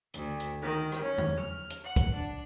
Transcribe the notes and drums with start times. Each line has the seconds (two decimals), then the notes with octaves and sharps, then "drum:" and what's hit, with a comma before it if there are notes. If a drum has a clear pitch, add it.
0.14 D2, drum: hi-hat
0.40 drum: hi-hat
0.61 D#3
0.92 drum: rim click
1.03 C#4
1.18 drum: tom E2
1.39 F6
1.70 drum: hi-hat
1.84 F#5
1.96 drum: kick B1, hi-hat
2.15 D4